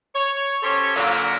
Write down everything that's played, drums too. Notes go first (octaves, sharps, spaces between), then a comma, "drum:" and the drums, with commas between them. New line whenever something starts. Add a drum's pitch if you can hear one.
C#5
C#4 G4 A4 C5 C#5
A#2 D3 F#3, drum: cymbal